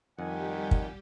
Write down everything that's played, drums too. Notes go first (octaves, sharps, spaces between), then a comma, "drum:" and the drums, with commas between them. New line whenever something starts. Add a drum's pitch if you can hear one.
F2 D#3 G3 G4 F#5 G#5
drum: kick